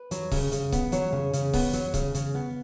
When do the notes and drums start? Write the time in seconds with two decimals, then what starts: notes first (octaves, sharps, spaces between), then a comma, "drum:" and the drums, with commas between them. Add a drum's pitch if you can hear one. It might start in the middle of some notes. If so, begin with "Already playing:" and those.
Already playing: B4
0.11 F#3, drum: hi-hat
0.31 C#3, drum: kick C#1, open hi-hat
0.52 C#3, drum: hi-hat
0.72 B3, drum: kick C#1, hi-hat
0.92 F#3 C#5, drum: hi-hat
1.13 C#3
1.33 C#3, drum: hi-hat
1.53 B3, drum: kick C#1, open hi-hat
1.73 F#3, drum: hi-hat
1.94 C#3, drum: kick C#1, hi-hat
2.15 C#3, drum: hi-hat
2.35 B3